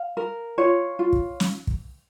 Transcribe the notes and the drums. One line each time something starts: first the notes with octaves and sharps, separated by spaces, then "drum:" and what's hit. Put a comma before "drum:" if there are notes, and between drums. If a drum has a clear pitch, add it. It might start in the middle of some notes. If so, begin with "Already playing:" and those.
Already playing: F5
A#4
F4 C#5
F4
drum: kick
drum: snare
drum: kick